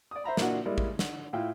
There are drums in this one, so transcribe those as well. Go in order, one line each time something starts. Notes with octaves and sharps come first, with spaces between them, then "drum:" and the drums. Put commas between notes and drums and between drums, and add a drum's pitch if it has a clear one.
D5 D#6
C5 E5 A#5 B5
A#2 A#3 D4 E4 F#4, drum: snare
G3 G#3 A#3 E4
drum: kick A1
D3, drum: snare
A2 E4 F4 G5